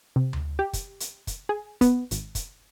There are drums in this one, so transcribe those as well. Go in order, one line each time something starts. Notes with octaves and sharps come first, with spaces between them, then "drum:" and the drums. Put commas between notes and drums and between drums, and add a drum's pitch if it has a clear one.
C3
drum: tom D2
G4
drum: kick, hi-hat
drum: hi-hat
drum: kick, hi-hat
G#4
B3, drum: kick, hi-hat
G#1, drum: hi-hat
drum: kick, hi-hat